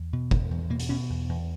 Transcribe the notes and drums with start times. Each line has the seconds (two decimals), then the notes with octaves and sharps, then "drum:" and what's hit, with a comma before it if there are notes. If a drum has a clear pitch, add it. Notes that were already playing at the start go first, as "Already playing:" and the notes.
Already playing: E2
0.13 B2
0.31 E2, drum: kick
0.51 E2
0.70 B2 A#3
0.80 drum: hi-hat
0.89 B2 C#4
1.10 E2
1.29 E2